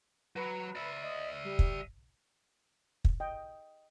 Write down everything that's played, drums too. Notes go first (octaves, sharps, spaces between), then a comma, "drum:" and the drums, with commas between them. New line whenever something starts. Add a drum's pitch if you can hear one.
F#3 B4
D5 E5
D#5
G3
drum: kick
drum: kick
D#5 G5